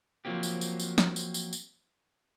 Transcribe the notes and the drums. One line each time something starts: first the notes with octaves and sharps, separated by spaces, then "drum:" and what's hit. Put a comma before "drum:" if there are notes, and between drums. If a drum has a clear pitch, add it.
F3 F#3 A#3 C4 G4
drum: tambourine
drum: tambourine
drum: tambourine
drum: snare
drum: tambourine
drum: tambourine
drum: tambourine